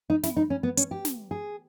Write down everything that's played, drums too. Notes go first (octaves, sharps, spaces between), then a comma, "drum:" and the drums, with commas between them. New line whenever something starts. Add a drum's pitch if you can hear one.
D#4
E4, drum: snare
D#4
C#4
B3
C#4, drum: hi-hat
G4
drum: snare
G#4